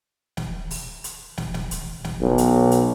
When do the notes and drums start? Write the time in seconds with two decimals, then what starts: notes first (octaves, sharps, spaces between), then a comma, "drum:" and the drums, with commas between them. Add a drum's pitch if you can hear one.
0.37 drum: snare
0.71 drum: open hi-hat
1.04 drum: hi-hat
1.38 drum: snare
1.54 drum: snare
1.71 drum: hi-hat
2.04 drum: snare
2.21 B1
2.38 drum: hi-hat
2.71 drum: hi-hat